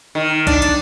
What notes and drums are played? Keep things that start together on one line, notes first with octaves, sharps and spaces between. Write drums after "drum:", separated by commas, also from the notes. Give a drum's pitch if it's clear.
D#3
D4, drum: kick B1, hi-hat
drum: hi-hat